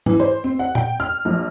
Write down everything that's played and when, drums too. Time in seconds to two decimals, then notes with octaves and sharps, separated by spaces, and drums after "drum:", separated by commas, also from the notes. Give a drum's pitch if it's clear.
0.06 E3, drum: tom G#2
0.20 C5
0.44 C4
0.59 F#5
0.75 G5, drum: tom A#2
1.00 F6
1.25 A#1